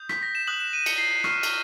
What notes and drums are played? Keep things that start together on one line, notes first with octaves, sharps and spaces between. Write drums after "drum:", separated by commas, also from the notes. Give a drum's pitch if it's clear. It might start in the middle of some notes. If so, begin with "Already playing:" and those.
Already playing: D#6 G6
B6, drum: rim click
A#6
E7
D#6 F#6 F#7
E7
D#7
C#7, drum: cymbal
C7
C7
C#6 F6 C7, drum: rim click
drum: cymbal